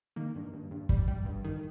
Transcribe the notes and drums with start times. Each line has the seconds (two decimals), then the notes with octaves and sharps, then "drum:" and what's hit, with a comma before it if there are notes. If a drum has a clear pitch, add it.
0.16 D#3 A#3
0.36 G2
0.53 G2
0.71 G2
0.89 G3, drum: kick
1.08 G3
1.25 G2
1.44 D#3